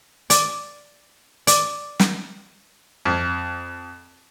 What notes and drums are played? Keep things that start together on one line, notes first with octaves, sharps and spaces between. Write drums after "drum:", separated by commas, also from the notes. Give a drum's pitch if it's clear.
D5, drum: hi-hat
D5, drum: hi-hat
drum: snare
F2